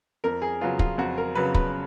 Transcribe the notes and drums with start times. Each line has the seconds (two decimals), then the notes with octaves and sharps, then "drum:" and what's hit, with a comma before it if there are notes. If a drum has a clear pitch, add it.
0.24 F2 A#4
0.42 G#4
0.61 C#3 F#3 B3 F4
0.79 F4, drum: kick
0.98 F2 F#4
1.18 A#4
1.35 C#3 F#3 B3 B4
1.54 B4, drum: kick